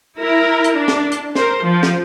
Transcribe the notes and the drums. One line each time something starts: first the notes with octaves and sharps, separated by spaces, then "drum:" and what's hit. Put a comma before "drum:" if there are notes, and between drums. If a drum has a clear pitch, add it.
E4 A#4
drum: hi-hat
D4
drum: snare
drum: hi-hat
A#4 C5, drum: snare
F3
drum: snare